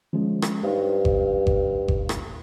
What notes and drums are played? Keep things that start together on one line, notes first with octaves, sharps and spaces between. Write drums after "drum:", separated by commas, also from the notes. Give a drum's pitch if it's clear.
F3 G#3 C#4
drum: rim click
G2 D#4 C5 F5
drum: kick G1
drum: kick G1
drum: kick G1
drum: rim click